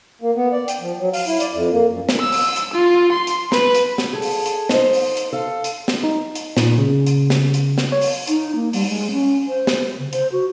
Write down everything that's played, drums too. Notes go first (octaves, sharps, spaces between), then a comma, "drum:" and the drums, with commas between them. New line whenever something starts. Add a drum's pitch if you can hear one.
A#3
B3
D5
G5, drum: hi-hat
F3
F#3
F5, drum: open hi-hat
E4
D5, drum: hi-hat
F2
A#3
F#2
drum: snare
E6
drum: open hi-hat
drum: hi-hat
F4
C6
drum: hi-hat
B4, drum: snare
drum: hi-hat
drum: snare
G#4 A4
drum: open hi-hat
drum: hi-hat
D#4 C5, drum: snare
drum: open hi-hat
drum: hi-hat
A4 F5
drum: hi-hat
drum: snare
D#4
drum: hi-hat
A#2, drum: snare
C#3
drum: hi-hat
drum: snare
drum: hi-hat
drum: snare
C#5
drum: open hi-hat
D#4, drum: hi-hat
A#3
G3, drum: open hi-hat
G#3
C#4
C5
drum: snare
C#3
C5, drum: hi-hat
F#4